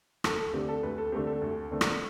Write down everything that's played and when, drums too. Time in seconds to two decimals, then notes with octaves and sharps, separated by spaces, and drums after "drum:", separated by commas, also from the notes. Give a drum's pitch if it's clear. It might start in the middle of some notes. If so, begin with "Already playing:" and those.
0.24 D2 A4, drum: rim click
0.39 A4
0.53 D3 A3 C4 G4
0.68 A4
0.83 D2 B4
0.98 A4
1.12 D3 A3 C4 G4
1.27 A4
1.41 D2
1.71 D3 A3 C4
1.81 drum: rim click